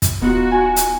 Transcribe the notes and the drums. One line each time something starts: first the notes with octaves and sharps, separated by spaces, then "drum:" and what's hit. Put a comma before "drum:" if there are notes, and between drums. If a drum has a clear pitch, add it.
drum: kick, hi-hat
D#1 B3 D#4 F4 F#4
G#5
drum: hi-hat